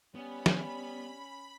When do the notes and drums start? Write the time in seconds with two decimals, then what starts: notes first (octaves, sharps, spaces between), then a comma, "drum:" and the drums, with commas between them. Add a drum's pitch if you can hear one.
0.15 G3 B3 C#4 B5
0.46 drum: snare